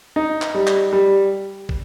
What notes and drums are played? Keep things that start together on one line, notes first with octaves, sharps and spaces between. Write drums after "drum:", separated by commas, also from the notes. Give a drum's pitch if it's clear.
D#4
drum: clap
G3
drum: clap
G3
drum: kick